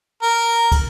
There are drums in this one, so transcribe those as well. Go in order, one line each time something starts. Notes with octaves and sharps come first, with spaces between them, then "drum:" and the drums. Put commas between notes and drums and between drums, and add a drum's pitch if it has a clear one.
A#4
drum: kick, cymbal